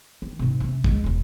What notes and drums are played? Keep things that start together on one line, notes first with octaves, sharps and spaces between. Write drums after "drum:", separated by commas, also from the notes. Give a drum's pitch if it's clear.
D#3
G#2 C3
C3 C#4
D2 G#3, drum: kick
E1 C2